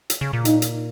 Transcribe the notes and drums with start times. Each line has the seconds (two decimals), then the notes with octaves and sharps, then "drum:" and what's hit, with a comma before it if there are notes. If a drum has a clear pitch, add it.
0.10 drum: hi-hat
0.21 C#3
0.33 A#2
0.45 D#4, drum: hi-hat
0.62 drum: hi-hat